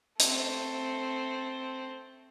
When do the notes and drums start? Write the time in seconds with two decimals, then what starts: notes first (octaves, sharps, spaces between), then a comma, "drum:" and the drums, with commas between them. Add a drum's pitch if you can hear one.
0.20 A3 C4, drum: hi-hat